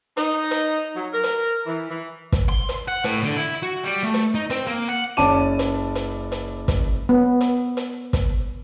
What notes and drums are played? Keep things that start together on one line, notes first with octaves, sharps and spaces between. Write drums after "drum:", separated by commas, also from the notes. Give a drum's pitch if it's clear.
D#4, drum: hi-hat
drum: hi-hat
F#3
A#4
drum: hi-hat
E3
E3
drum: kick, hi-hat
C6
drum: hi-hat
F#5
A2, drum: hi-hat
D3
E4
F#4
G3
A3
drum: hi-hat
D#4
C4, drum: hi-hat
A#3
F#5
F#1 C#4 D5 A5 D6 D#7
drum: hi-hat
drum: hi-hat
drum: hi-hat
drum: kick, hi-hat
B3
drum: hi-hat
drum: hi-hat
drum: kick, hi-hat